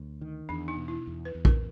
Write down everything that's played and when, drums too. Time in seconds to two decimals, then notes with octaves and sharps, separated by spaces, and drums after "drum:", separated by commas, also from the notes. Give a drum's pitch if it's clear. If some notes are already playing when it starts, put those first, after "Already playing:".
Already playing: D2
0.21 D#3
0.49 E2 D4
0.68 D#4
0.77 B2
0.88 E4
1.07 E2
1.25 B4
1.35 E2
1.45 A#4, drum: kick A#1